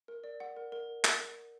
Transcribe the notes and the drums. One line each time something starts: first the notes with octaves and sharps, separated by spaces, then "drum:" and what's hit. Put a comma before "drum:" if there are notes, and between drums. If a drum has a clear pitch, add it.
A#4
D5
F#5
A#4
A#4
drum: clap